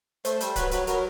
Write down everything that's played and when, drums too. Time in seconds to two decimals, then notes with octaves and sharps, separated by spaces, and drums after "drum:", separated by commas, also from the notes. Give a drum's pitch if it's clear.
0.25 A3 C5, drum: hi-hat
0.40 G3, drum: hi-hat
0.56 F#3 B4, drum: kick D1, hi-hat
0.71 F#3 B4, drum: hi-hat
0.87 F#3 A#4, drum: hi-hat